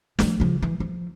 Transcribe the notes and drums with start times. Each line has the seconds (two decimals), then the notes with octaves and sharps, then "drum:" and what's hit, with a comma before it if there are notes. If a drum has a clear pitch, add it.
0.19 F3 A3, drum: snare
0.40 C#3 F3
0.62 E3
0.80 F3